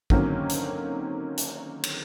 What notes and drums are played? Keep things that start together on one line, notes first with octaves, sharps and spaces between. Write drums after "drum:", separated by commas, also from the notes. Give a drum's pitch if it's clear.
D3 D#3 F#3 A#3 C4 C#4, drum: kick
drum: hi-hat
drum: hi-hat
drum: cymbal